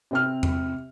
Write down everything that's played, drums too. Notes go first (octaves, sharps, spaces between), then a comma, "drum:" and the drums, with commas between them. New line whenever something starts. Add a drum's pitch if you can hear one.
C3 C4 F6
drum: tom E2